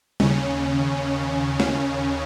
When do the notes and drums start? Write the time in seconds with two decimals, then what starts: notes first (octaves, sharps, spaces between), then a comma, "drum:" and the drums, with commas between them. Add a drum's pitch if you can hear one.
0.20 D#2 C#3 C#4, drum: tom G3
1.60 C#4, drum: snare